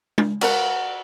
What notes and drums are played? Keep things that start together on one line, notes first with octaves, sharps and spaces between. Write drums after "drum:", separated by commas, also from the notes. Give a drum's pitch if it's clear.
drum: tom G#3
F#4 A#4 F#5, drum: cymbal